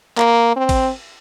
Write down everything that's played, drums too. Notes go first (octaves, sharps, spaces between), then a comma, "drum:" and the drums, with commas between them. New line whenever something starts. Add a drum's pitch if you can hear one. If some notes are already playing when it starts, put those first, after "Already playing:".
A#3, drum: clap
C4
drum: kick A1, cymbal